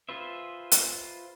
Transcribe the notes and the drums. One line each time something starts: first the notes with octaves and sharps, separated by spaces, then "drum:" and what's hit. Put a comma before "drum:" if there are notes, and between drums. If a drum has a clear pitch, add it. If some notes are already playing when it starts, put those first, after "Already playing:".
F4 G#4 B4 C5 E5
drum: hi-hat